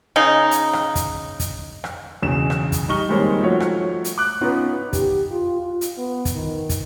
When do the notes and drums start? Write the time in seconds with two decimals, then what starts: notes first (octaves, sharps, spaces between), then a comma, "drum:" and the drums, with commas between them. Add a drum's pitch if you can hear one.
0.16 C#3 D#4
0.51 drum: hi-hat
0.73 drum: rim click
0.95 drum: kick, hi-hat
1.40 drum: kick, hi-hat
1.84 drum: rim click
2.22 B1 E2 C#3 E7
2.50 drum: rim click
2.72 drum: kick, hi-hat
2.88 G3 D#4 D#5 C#6 F6 G7
3.09 D#3 G3 G#3 A#3 C4 C#5
3.41 F3 A3 F#4 C#5
3.60 drum: rim click
4.04 drum: hi-hat
4.18 D6 F#6
4.41 B3 C#4 D#4 F4 B4
4.93 G4, drum: kick, hi-hat
5.31 F4
5.62 F4
5.81 drum: hi-hat
5.98 B3
6.25 drum: kick, hi-hat
6.35 D#3
6.69 drum: kick, hi-hat